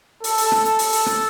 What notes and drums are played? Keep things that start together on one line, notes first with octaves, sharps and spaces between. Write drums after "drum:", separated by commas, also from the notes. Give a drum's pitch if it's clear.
A4, drum: open hi-hat
drum: open hi-hat
drum: rim click
drum: hi-hat
drum: open hi-hat
drum: open hi-hat
drum: rim click